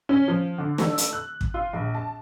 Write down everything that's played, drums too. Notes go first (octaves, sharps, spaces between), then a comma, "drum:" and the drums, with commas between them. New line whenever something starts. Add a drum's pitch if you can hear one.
C#4
F3
D3
A3, drum: snare
drum: hi-hat
F#6
drum: kick
F4
A#1
A5